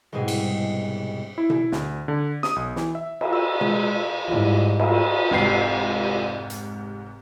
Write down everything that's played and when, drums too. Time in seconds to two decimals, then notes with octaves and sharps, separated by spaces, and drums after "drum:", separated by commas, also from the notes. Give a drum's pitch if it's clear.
0.12 C2 G#2 B2 G#3 G#4
0.28 drum: cymbal
1.38 E4
1.50 drum: tom B2
1.72 D2, drum: snare
2.08 D3
2.43 D#6, drum: snare
2.56 B1
2.76 E3, drum: snare
2.95 E5
3.21 drum: cymbal
3.33 E6
3.61 G#3, drum: tom B2
4.28 G#2 G3 E4 F4
4.80 drum: cymbal
5.31 F1 G#2 G4 C7
6.50 drum: hi-hat